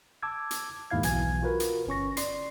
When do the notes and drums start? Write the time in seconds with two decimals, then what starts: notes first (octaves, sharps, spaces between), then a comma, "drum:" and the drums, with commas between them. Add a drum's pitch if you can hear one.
0.23 A5 D6 E6 G#6
0.51 drum: hi-hat
0.91 D#2 G#2 E4 F5 G#6
1.03 B1 B2 E3 G#5 G#6, drum: hi-hat
1.42 F4 F#4 A#4 B4
1.60 drum: hi-hat
1.87 G1 C#4 C#6 A#6
2.17 D5 C6 C7, drum: hi-hat